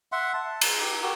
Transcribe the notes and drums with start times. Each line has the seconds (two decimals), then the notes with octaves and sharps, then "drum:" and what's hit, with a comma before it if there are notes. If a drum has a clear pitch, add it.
0.12 E5 F#5 C6
0.33 A5
0.61 A#5, drum: cymbal
0.79 D#4 G4
1.02 F#4 G4 A#4